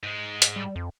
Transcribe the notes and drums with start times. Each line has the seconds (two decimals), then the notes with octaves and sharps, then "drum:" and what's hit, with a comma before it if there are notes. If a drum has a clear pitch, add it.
0.03 G#2 G#3
0.42 drum: hi-hat
0.56 G3
0.76 F2